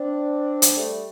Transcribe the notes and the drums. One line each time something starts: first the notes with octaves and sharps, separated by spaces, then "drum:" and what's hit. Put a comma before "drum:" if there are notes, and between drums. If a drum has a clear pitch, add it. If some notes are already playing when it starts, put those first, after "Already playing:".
Already playing: C4 D4
drum: hi-hat
G3 A3